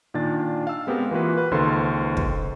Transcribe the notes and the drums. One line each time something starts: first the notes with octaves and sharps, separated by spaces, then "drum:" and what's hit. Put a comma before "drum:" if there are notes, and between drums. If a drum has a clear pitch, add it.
A#2 D#3 D4 A6
F5 E6
G#3 B3 C4 G4 A#4
E3 A#3 F4 F#4 B4
B4
C#2 D#3 A#3 A4 C5 C6
drum: kick